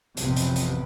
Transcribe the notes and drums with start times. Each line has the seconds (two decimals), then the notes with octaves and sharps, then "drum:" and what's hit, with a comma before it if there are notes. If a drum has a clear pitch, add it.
0.17 A1 F2 C3 B3, drum: hi-hat
0.36 drum: hi-hat
0.56 drum: hi-hat